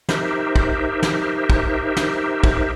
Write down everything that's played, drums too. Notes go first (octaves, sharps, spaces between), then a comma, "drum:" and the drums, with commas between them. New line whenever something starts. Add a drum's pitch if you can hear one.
D#4 G4 A#4 C5 E5, drum: snare
drum: kick
drum: snare
drum: kick
drum: snare
drum: kick